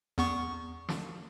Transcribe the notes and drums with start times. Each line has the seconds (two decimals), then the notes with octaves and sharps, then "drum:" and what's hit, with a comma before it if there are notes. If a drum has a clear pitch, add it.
0.18 E2 B3 C#6
0.89 drum: snare